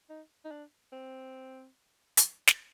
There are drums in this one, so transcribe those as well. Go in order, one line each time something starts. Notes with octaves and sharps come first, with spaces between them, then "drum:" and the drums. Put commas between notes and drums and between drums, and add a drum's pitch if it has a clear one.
D#4
D#4
D4
C4
drum: hi-hat
drum: snare